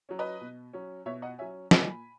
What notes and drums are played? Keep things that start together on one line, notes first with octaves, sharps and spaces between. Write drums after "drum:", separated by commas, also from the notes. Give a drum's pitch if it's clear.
F#3 C#4
B4 D#5
B2
F#3 C#4
B2 C#5 E5
D#5 F#5
F#3 C#4 E5 G#5
A#2 G#5 B5, drum: snare